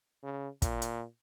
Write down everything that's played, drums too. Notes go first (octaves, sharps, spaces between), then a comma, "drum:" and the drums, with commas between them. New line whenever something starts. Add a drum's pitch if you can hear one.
C#3
A#2, drum: kick, hi-hat
drum: hi-hat